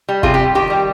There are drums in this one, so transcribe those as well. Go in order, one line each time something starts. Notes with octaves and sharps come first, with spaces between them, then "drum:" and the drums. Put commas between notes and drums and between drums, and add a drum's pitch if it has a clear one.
G3
C3 F4 G#4, drum: kick
G4
G3
D#3 G4
G3